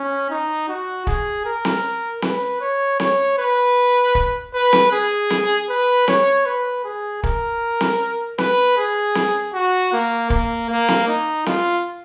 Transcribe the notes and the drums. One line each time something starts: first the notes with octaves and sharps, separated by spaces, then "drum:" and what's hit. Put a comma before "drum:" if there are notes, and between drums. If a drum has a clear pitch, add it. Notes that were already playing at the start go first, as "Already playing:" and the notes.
Already playing: C#4
D#4
F#4
G#4, drum: kick
A#4
drum: snare C4
B4, drum: snare C4
C#5
C#5, drum: snare C4
B4
drum: kick
B4
drum: snare C4
G#4
drum: snare C4
B4
C#5, drum: snare C4
B4
G#4
A#4, drum: kick
drum: snare C4
B4, drum: snare C4
G#4
drum: snare C4
F#4
A#3
A#3, drum: kick
A#3
drum: snare C4
D#4
F4, drum: snare C4